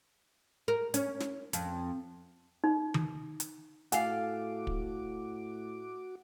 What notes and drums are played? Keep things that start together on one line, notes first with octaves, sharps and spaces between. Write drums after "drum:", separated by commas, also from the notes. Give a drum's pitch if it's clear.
A#4
C#4, drum: hi-hat
drum: snare
F2, drum: hi-hat
D#4
drum: tom D#3
drum: hi-hat
A2 F#4 A4 F5 F#5 G#5 D6, drum: hi-hat
drum: kick